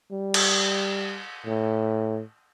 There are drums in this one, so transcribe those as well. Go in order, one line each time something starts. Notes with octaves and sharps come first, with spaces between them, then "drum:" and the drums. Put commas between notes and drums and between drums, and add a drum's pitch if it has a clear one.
G3
drum: cymbal
A2